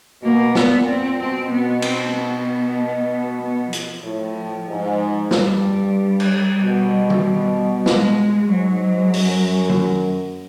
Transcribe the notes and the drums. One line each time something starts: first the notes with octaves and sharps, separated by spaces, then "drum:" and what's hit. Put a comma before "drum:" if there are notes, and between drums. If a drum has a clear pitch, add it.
B2 A#3
A#2 B3, drum: snare
A#2 C4
B2 C4
B2 B3
C4, drum: cymbal
B3
B3
F3, drum: hi-hat
A2
G#2
G2 G3, drum: snare
drum: cymbal
B2
drum: tom D#3
G#3, drum: snare
G#2 F#3
F#2, drum: open hi-hat
drum: tom D#3